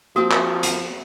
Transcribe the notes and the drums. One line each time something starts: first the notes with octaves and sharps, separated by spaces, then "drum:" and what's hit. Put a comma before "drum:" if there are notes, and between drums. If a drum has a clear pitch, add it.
F3 A#3 C4 F#4 G4 D#6
drum: clap
drum: hi-hat